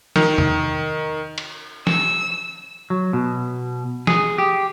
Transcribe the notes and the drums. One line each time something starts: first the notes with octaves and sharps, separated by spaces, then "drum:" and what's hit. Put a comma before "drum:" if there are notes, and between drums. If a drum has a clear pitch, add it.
D#3, drum: snare
drum: tom
drum: cymbal
E6, drum: snare
F#3
B2
G#4, drum: snare
G4